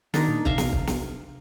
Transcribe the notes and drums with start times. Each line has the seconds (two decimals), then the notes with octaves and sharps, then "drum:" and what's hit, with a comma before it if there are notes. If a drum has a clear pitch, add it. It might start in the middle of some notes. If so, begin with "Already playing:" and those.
0.14 D#3 D4 D#4 A#4 C6, drum: snare
0.28 A#2
0.45 C3 E5 F5 A#5 F6, drum: kick
0.58 drum: snare
0.73 drum: kick
0.87 drum: snare